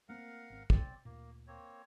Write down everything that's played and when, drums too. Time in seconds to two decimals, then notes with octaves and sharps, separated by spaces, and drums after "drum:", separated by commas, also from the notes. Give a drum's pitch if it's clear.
0.09 A3 A#3 C4 A#4 F5 F#5
0.50 G#1 C4
0.70 B1 C3 C4 D5, drum: kick
1.05 D2 A#2 A#3
1.47 A#3 C4 C#5